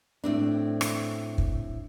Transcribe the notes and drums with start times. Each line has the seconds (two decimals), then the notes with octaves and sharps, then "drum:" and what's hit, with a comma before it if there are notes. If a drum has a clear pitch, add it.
0.24 A2 C4 D4
0.81 drum: rim click
1.38 drum: kick